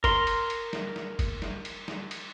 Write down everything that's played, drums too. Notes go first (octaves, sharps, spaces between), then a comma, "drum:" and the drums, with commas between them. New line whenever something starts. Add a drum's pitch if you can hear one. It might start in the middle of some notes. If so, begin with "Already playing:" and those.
A#4 C6, drum: kick F#1, cymbal
drum: cymbal
drum: cymbal
drum: snare
drum: snare
drum: kick F#1, cymbal
drum: snare
drum: cymbal
drum: snare
drum: cymbal